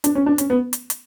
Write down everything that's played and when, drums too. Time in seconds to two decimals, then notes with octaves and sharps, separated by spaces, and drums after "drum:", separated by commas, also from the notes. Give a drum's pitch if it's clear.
0.04 D4, drum: hi-hat
0.15 C#4
0.26 D4
0.38 C#4, drum: hi-hat
0.50 B3
0.73 drum: hi-hat
0.90 drum: hi-hat